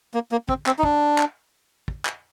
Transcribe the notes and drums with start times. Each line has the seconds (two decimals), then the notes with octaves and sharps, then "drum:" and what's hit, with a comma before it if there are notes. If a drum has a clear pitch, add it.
0.14 A#3
0.32 A#3
0.49 C4, drum: kick
0.66 C4, drum: clap
0.79 D#4
0.83 D4, drum: kick
1.18 drum: clap
1.88 drum: kick
2.05 drum: clap